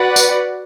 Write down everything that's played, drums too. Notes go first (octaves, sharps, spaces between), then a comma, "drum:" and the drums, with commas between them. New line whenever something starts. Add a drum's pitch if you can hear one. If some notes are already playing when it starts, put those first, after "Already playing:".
Already playing: F#4 B4 D5 F#5
drum: tambourine